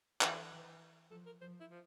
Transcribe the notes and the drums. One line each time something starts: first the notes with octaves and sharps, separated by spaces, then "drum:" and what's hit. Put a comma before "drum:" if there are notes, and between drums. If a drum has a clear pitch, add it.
E3 A4, drum: clap
E3
F3 A4
A#4
F3 C5
E4
F3